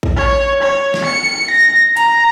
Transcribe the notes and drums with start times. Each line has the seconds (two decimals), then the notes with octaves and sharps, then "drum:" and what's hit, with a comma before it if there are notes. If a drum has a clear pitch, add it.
0.03 drum: kick
0.17 C#5
0.62 C#5
0.94 drum: snare
1.05 C#7
1.50 A#6
1.97 A#5, drum: hi-hat